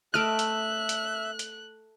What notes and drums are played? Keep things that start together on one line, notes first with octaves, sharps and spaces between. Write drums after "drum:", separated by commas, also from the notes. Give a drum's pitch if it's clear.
A3 D#5 E5 F6 F#6 D7
drum: hi-hat
drum: hi-hat
drum: hi-hat